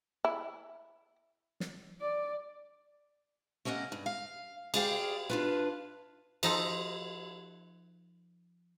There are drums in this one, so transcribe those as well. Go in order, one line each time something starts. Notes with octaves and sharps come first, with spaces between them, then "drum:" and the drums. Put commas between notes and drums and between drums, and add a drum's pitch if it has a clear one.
E4
drum: snare
D5
A3 A#3 C#4 D#5 F#5
G2
F5
G#4 D5 F5 G5, drum: cymbal
D4 F4 B4
F3 D#4 A4, drum: cymbal